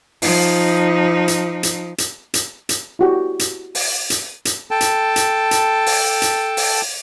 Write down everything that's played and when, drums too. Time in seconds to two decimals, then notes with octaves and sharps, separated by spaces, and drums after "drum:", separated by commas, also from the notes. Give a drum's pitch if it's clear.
0.22 F3 D#4, drum: open hi-hat
1.28 drum: hi-hat
1.63 drum: hi-hat
1.98 drum: hi-hat
2.34 drum: hi-hat
2.69 drum: hi-hat
2.99 E4 F#4 G4
3.39 drum: hi-hat
3.75 drum: open hi-hat
4.10 drum: hi-hat
4.45 drum: hi-hat
4.71 A4 G5 A5
4.81 drum: hi-hat
5.16 drum: hi-hat
5.51 drum: hi-hat
5.86 drum: open hi-hat
6.22 drum: hi-hat
6.57 drum: open hi-hat